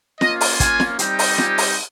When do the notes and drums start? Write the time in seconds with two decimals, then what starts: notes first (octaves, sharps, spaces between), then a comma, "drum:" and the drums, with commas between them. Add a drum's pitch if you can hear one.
0.21 A#3 C#4 F4 D#5, drum: snare
0.41 drum: open hi-hat
0.60 G#5, drum: kick, hi-hat
0.80 drum: snare
0.99 G3 C4 D#4 G4, drum: hi-hat
1.19 drum: open hi-hat
1.38 G#5, drum: snare
1.58 drum: open hi-hat